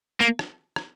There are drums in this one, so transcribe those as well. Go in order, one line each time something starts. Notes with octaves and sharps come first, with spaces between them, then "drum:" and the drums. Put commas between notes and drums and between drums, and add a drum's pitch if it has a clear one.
A#3
drum: rim click
drum: rim click